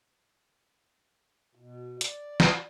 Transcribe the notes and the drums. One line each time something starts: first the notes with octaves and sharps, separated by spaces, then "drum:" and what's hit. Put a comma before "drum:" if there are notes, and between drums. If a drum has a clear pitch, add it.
B2
D5, drum: hi-hat
drum: snare